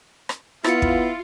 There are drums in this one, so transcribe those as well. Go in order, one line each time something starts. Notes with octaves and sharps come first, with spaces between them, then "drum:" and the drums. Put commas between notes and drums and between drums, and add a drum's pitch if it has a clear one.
drum: rim click
B3 E4 F4 A6 C#7, drum: rim click
drum: kick